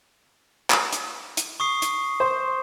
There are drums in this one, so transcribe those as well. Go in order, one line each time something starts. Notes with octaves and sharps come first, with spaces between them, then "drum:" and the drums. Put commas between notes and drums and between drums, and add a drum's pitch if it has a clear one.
drum: clap
drum: hi-hat
drum: hi-hat
C#6 D#6 C7
drum: hi-hat
C5